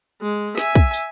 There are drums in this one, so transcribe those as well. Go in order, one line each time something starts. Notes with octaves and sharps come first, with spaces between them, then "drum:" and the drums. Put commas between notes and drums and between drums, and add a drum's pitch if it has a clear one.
G#3
E5 G#5, drum: snare
drum: kick
drum: tambourine